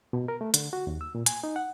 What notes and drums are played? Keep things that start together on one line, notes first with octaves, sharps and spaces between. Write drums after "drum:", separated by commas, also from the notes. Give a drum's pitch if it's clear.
B2
A#4
A3
D3, drum: hi-hat
F#4
D#2
E6
A#2
G#5, drum: hi-hat
D#4
F#5